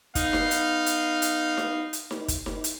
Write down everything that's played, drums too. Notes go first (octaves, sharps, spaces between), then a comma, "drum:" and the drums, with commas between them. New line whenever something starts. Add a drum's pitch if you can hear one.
B3 D#4 F5, drum: kick, hi-hat
drum: snare D#4
drum: hi-hat
drum: hi-hat
drum: hi-hat
drum: snare D#4
drum: hi-hat
drum: snare D#4
drum: kick, hi-hat
drum: snare D#4
drum: hi-hat